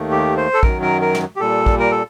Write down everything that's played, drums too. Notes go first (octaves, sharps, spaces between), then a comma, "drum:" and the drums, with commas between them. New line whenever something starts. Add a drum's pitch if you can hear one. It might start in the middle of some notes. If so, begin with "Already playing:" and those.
Already playing: D#2 D#3 A3
G4
C5
A4
F#2 D#3 F#3 A#4, drum: kick
A#4
A#4
drum: snare
G4
A#2 G3 A4
drum: kick
A#4
A4